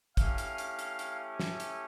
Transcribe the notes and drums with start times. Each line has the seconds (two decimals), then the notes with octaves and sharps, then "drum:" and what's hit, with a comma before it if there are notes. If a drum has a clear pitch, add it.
0.17 A3 C#4 E4 G4 F5, drum: kick, hi-hat
0.38 drum: hi-hat
0.58 drum: hi-hat
0.79 drum: hi-hat
0.99 drum: hi-hat
1.40 drum: snare
1.60 drum: hi-hat